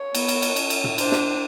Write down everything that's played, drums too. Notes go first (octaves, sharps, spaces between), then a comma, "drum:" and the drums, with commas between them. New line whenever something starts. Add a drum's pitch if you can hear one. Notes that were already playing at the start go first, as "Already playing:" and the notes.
Already playing: C#5
B3, drum: cymbal
drum: cymbal
drum: cymbal
C#4, drum: cymbal
drum: cymbal
drum: tom
D4 C5, drum: cymbal
drum: snare